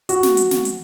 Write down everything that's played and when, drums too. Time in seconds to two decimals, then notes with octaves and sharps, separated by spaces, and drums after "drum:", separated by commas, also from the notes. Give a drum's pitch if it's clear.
0.09 F#4, drum: hi-hat
0.23 drum: snare
0.37 drum: hi-hat
0.51 drum: snare
0.65 drum: hi-hat